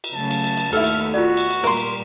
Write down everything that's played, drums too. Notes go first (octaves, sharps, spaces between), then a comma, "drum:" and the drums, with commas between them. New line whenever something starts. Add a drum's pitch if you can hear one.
drum: cymbal
C#3 F#3 A3 A5
drum: cymbal
drum: cymbal
drum: cymbal
D#2 A3 B3 E4 A4 F6, drum: cymbal
drum: cymbal
F4 F#4 D5
drum: cymbal
drum: cymbal
A#2 G3 A#4 C6, drum: cymbal
drum: cymbal